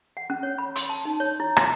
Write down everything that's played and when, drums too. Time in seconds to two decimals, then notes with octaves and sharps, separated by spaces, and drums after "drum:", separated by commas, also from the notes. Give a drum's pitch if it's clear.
0.17 F#5
0.30 C#4
0.43 C#5
0.58 B5
0.76 C6, drum: hi-hat
0.89 A5
1.05 D#4
1.20 C#5
1.40 E4
1.57 C6, drum: rim click